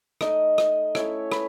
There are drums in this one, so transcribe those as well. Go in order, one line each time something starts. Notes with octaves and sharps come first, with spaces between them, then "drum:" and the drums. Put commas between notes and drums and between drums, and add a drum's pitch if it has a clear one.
A3 D#4 D#5, drum: rim click
drum: rim click
A3 C#4 E4 C#5, drum: rim click
B4, drum: rim click